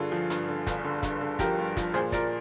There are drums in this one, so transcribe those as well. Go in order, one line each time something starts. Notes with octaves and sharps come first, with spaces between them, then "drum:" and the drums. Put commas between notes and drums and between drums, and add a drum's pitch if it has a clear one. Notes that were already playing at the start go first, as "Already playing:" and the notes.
Already playing: G2 D3 F4 G#4
F3
G2, drum: hi-hat
D3
G1, drum: kick, hi-hat
D3
G2, drum: kick, hi-hat
D3
F3 G4 A#4, drum: kick, hi-hat
G2
F3, drum: kick, hi-hat
A#2 G#4 C5
A#2 A#4 D5, drum: kick, hi-hat